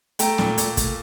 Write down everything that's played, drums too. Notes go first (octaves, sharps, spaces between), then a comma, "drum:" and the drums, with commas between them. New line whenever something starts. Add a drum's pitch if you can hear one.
A3 G5 A#5, drum: hi-hat
A#2, drum: snare
A#2, drum: hi-hat
A3, drum: kick, hi-hat